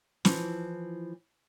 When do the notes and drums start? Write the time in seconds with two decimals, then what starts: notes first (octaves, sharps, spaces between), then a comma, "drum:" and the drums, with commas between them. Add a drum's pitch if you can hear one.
0.25 E3 F3, drum: snare